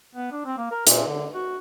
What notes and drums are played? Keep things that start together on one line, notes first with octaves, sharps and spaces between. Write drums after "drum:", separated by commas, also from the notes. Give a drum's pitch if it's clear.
B3
D4
C4
A#3
A#4
A#2, drum: hi-hat
D3
F#4